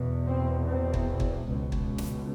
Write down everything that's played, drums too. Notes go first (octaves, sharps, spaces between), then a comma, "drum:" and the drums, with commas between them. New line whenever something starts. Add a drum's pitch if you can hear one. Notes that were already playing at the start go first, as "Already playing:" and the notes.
Already playing: E2 B2
C4
C4
drum: kick
drum: kick
C#2 B2
drum: kick
drum: snare